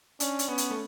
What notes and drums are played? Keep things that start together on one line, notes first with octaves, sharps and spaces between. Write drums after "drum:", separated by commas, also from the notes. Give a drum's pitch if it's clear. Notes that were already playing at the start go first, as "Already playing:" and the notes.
C#4 D4, drum: hi-hat
drum: hi-hat
B3 C#4
drum: hi-hat
A3